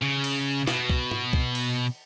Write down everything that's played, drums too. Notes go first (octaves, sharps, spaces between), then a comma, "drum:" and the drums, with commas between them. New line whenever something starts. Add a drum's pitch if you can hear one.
C#3
drum: cymbal
B2, drum: snare
drum: kick C2
drum: tom G#2
drum: kick C2
drum: cymbal